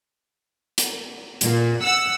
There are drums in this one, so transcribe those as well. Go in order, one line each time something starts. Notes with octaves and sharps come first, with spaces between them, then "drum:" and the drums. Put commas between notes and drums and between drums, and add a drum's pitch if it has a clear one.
drum: hi-hat
A#2, drum: hi-hat
F#5 E6